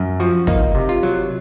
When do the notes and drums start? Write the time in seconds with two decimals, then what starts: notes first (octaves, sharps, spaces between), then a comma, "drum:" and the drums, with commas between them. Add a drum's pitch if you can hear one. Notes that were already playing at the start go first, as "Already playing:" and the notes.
Already playing: F#2
0.20 F3 F#4
0.47 A#3 D#4, drum: kick
0.75 C3
0.89 F4
1.03 F#3